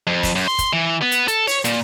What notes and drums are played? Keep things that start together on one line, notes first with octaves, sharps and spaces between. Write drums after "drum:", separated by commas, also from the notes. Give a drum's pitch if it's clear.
F2
drum: kick, open hi-hat
F#2
C6
drum: kick, hi-hat
E3
B3
drum: hi-hat
A4, drum: hi-hat
C#5, drum: open hi-hat
A#2, drum: hi-hat